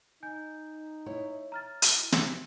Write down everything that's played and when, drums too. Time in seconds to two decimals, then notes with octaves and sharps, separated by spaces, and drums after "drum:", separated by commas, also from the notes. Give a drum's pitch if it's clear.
0.23 D#4 G#5 G6
1.06 E4 C#5
1.52 A#5 F6 A6
1.82 drum: hi-hat
2.12 C3, drum: snare